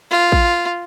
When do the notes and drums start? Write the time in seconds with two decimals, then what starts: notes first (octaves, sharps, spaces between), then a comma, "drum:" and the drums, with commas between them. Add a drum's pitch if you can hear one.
0.11 F4
0.32 drum: kick